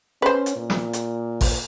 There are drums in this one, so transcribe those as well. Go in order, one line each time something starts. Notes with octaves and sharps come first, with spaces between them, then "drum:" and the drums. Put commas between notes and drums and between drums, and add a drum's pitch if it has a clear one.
C#4 B4 C5
drum: hi-hat
A#2
drum: snare
drum: hi-hat
drum: kick, open hi-hat